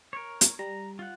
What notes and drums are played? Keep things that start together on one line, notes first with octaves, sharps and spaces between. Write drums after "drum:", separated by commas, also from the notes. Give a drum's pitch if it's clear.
A#4 C#5
drum: hi-hat
G3 A#5
F4 F#5